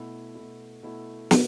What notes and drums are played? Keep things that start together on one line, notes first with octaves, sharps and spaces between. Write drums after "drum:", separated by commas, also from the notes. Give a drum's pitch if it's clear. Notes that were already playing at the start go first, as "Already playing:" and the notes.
Already playing: B2 A3 E4
B2 A3 E4
B2 A3 E4
B2, drum: snare